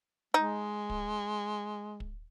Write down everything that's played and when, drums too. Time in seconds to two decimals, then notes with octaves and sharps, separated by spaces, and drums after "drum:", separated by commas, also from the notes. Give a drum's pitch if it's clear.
0.34 G#3 D#4
0.90 drum: kick
2.00 drum: kick